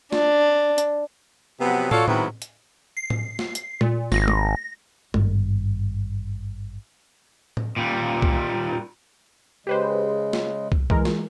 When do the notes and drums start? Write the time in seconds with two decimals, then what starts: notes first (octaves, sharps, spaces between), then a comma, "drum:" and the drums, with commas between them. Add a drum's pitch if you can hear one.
0.13 D4, drum: snare
0.78 drum: hi-hat
1.61 C3 F3 F#3 B3
1.91 F4 F#4 A4 C#5 D5 F5, drum: tom
2.08 D#3 F#3 G#3 B3 C4 E4, drum: tom
2.42 drum: hi-hat
2.97 C7
3.10 drum: tom
3.39 drum: snare
3.55 drum: hi-hat
3.81 A#2, drum: tom
4.12 G#1 A#6, drum: snare
4.28 drum: tom
5.14 G#1 G2, drum: tom
7.57 drum: tom
7.76 A#2 G3
8.22 drum: kick
9.67 C#3 G#3 G4 B4 C5
10.33 drum: snare
10.72 drum: kick
10.90 E3 G#3 A#4, drum: kick
11.05 drum: snare